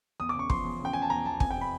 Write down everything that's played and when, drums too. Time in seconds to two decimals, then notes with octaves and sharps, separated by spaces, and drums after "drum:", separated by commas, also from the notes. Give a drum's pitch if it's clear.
0.20 E2 D#6
0.29 D6
0.35 C#3 C#6
0.50 F3 C6, drum: kick
0.64 E2
0.80 C#3
0.85 G5
0.93 C#3 G#5
1.02 A5
1.10 E2 A#5
1.25 E2 A5
1.40 F2 G#5, drum: kick
1.51 G5
1.56 C3
1.61 B5